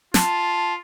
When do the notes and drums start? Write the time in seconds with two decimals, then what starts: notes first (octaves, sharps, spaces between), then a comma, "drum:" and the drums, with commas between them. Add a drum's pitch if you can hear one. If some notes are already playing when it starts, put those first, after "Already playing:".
0.14 F4 A5, drum: snare